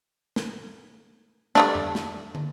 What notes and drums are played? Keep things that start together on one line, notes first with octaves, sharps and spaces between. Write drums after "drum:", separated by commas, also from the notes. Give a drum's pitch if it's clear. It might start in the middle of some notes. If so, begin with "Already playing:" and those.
drum: snare
G3 A3 D4, drum: snare
drum: tom F2
drum: snare
drum: tom